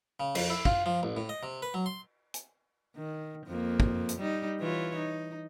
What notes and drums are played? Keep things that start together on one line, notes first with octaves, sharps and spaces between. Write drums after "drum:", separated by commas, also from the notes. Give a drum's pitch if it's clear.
C#3
F2, drum: cymbal
E4
F4, drum: kick
F3
A1
A2
D#5
C3
B4
F#3
C6
drum: hi-hat
D#3
F2 A#3
drum: kick
drum: hi-hat
G3 D#4
E3 F4 C#5
D#4